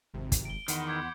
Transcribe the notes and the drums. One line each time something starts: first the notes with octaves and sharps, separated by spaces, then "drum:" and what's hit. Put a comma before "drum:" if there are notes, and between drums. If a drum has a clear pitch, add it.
G#1 F2 C3
drum: kick, hi-hat
D7 G7
E2 D#3 F#5 B5 C6 C#7, drum: hi-hat
D6 G6 G#6